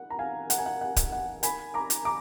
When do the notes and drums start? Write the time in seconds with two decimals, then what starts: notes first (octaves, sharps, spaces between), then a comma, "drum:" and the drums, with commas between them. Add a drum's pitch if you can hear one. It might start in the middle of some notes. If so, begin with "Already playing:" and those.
Already playing: F#5
0.10 A#5
0.19 F5 G#5
0.50 F#5, drum: hi-hat
0.58 G#5
0.66 F#5
0.81 F#5
0.96 drum: kick D1, hi-hat
1.12 F#5
1.43 G#5 B5, drum: hi-hat
1.74 A#5 D6
1.90 drum: hi-hat
2.05 A#5 D6